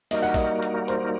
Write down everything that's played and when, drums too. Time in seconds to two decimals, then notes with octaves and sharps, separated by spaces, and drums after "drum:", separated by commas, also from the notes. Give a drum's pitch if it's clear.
0.11 G3 A#3 D#4 F#4 A#4 D#5, drum: open hi-hat
0.22 F#5
0.34 D#5, drum: kick A#1, open hi-hat
0.62 drum: hi-hat
0.88 C5, drum: hi-hat